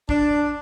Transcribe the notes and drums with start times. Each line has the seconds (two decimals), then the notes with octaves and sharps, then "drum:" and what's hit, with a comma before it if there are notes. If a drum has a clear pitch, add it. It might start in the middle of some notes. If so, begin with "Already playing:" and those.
0.09 D4, drum: kick